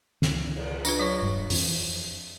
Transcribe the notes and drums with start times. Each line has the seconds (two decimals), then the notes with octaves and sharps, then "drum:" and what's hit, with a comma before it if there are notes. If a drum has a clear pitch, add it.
0.22 C#2, drum: snare
0.56 drum: cymbal
0.85 D4 F4 B4, drum: tambourine
1.00 F#3 C#5 C#6
1.21 D#1 G2
1.50 F2 E3 F3, drum: open hi-hat